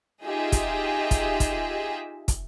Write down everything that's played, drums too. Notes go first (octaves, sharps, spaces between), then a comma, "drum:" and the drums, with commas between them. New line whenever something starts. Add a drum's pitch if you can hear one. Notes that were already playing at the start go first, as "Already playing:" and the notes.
D#4 F4 G4 G#4 D#5 E5
drum: kick, hi-hat
drum: kick, hi-hat
drum: kick, hi-hat
drum: kick, hi-hat